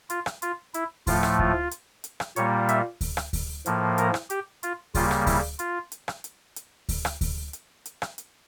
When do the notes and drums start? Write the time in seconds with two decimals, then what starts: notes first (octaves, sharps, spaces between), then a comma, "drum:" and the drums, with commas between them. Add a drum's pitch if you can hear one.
0.10 F4, drum: hi-hat
0.26 drum: rim click
0.42 F4, drum: hi-hat
0.74 E4, drum: hi-hat
1.07 A2 F3 A3 F4, drum: kick D2, open hi-hat
1.23 drum: rim click
1.39 F4, drum: kick D2
1.71 drum: hi-hat
2.04 drum: hi-hat
2.20 drum: rim click
2.36 A#2 G3 A#3 C#5, drum: hi-hat
2.69 E5, drum: hi-hat
3.01 drum: kick D2, open hi-hat
3.17 drum: rim click
3.33 drum: kick D2, open hi-hat
3.66 A2 F3 A#3, drum: hi-hat
3.98 A#4, drum: hi-hat
4.14 drum: rim click
4.30 G4, drum: hi-hat
4.63 F4, drum: hi-hat
4.95 C#3 G3 A#3 F4, drum: kick D2, open hi-hat
5.11 drum: rim click
5.27 E4, drum: kick D2, open hi-hat
5.59 F4, drum: hi-hat
5.92 drum: hi-hat
6.08 drum: rim click
6.24 drum: hi-hat
6.56 drum: hi-hat
6.89 drum: kick D2, open hi-hat
7.05 drum: rim click
7.21 drum: kick D2, open hi-hat
7.53 drum: hi-hat
7.86 drum: hi-hat
8.02 drum: rim click
8.18 drum: hi-hat